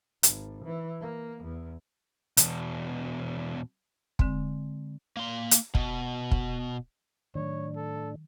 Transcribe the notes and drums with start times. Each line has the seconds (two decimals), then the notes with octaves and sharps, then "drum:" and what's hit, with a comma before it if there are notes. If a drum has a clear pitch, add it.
0.23 G#1, drum: hi-hat
0.65 E3
1.00 A#3
1.43 E2
2.37 E2 B2, drum: hi-hat
4.19 D3 G#3 C4, drum: kick
5.17 A#3 C6
5.51 drum: hi-hat
5.75 B2, drum: kick
6.31 drum: kick
7.35 A2 D#3 F#3 D4 C#5
7.76 A4